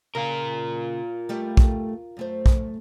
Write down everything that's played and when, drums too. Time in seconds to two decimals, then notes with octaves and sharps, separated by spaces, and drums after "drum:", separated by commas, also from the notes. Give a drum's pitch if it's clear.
0.15 C#3 F4 A#4
1.29 G3 A3 G4
1.57 drum: kick
2.17 F#2 A3 C5
2.46 drum: kick